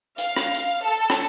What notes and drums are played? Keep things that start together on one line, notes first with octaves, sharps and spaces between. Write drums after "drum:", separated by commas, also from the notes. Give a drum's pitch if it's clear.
F5, drum: hi-hat
drum: rim click
drum: hi-hat
A4
drum: rim click